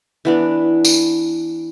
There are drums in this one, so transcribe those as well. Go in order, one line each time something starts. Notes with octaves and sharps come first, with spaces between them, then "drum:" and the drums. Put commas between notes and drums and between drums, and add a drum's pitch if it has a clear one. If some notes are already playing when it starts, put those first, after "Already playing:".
E3 B3 D4
drum: tambourine